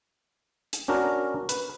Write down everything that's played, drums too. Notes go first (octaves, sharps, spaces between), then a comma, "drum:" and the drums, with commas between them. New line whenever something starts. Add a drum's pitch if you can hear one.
drum: hi-hat
C#4 D4 F#4 A#4
B4, drum: hi-hat